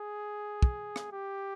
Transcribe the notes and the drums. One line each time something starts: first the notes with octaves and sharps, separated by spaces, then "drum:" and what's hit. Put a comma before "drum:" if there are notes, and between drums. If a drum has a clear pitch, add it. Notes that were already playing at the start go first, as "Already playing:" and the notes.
Already playing: G#4
drum: kick
drum: rim click
G4